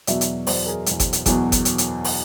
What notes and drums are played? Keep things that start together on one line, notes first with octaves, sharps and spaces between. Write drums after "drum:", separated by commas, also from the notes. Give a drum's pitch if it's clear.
E2 B2 F#3 D5 E5, drum: hi-hat
drum: hi-hat
E2 B2 F#3 C5 D5, drum: open hi-hat
G#4 A#4
E2 B2 F#3, drum: hi-hat
drum: kick G1, hi-hat
drum: hi-hat
E2 B2 F#3, drum: kick G1, hi-hat
drum: kick G1, hi-hat
drum: hi-hat
drum: hi-hat
drum: open hi-hat